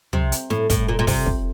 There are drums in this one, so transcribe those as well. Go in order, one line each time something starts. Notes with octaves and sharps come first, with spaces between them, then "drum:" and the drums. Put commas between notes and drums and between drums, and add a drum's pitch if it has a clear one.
C3, drum: tom
drum: hi-hat
A2, drum: snare
A2, drum: kick, hi-hat
A#2
A#2
C3, drum: kick, open hi-hat
drum: kick